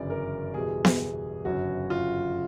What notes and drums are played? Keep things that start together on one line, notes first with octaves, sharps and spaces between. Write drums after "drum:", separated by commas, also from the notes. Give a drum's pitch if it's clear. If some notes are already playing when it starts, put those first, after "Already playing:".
Already playing: G1 F#2 C#3 E3 D5
A#4
E2 B2 G3 G#4
drum: snare B3
G1 F#2 C#3 F#3 F#4
F4